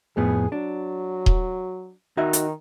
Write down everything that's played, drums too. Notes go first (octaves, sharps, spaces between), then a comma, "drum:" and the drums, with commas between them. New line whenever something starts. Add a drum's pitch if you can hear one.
F2 A2 B3 G#4
F#3 D4
drum: kick D#1
D#3 D#4 F#4 E5
drum: hi-hat